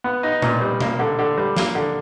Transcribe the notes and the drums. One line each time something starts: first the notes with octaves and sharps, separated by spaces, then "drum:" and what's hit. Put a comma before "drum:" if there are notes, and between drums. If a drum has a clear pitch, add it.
B3
D#4
A#2, drum: tom B2
G3
A#3, drum: tom B2
D3
D3
G3
A#3, drum: snare
D3